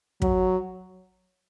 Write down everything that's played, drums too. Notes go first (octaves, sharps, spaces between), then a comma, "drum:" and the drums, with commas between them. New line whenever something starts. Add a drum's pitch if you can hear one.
F#3, drum: kick